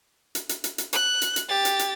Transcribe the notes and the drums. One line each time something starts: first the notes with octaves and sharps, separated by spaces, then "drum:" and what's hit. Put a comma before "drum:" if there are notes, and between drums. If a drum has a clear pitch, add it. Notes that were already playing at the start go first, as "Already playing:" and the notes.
drum: hi-hat
drum: hi-hat
drum: hi-hat
drum: hi-hat
F#6, drum: hi-hat
drum: hi-hat
drum: hi-hat
G4 A6
drum: hi-hat
drum: hi-hat